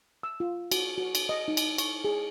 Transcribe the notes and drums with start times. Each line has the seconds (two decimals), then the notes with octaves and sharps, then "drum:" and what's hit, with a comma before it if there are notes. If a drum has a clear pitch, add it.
0.23 E6
0.40 F4
0.71 F#4, drum: cymbal
0.98 F#4
1.15 drum: cymbal
1.29 D#5
1.48 D#4
1.57 drum: cymbal
1.78 C#6, drum: cymbal
2.04 G#4